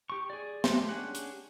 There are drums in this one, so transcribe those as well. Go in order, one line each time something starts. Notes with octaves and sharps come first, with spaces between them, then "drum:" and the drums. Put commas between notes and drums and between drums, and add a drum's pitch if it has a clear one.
G4 C#6
G#4 D5
G#3 A3 G4 C6, drum: snare
C#4 D4 G4 G#4 F#5
drum: hi-hat